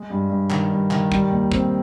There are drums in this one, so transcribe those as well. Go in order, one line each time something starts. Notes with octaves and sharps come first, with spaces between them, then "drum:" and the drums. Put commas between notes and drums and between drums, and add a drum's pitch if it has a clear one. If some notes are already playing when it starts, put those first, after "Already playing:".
Already playing: G#3
G2
G2
D#3, drum: clap
G2
D#3, drum: clap
G3, drum: kick
D#2
C4, drum: kick